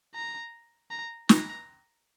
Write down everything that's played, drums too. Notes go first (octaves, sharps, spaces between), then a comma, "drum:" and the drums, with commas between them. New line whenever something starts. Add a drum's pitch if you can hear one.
A#5
A#5
A#5, drum: snare